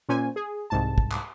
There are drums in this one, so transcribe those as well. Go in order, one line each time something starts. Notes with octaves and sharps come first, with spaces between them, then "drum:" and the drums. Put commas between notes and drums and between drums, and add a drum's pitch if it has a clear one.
A#2 C#4 C5 G#5
G#4
C2 G#2 A5
drum: kick
drum: clap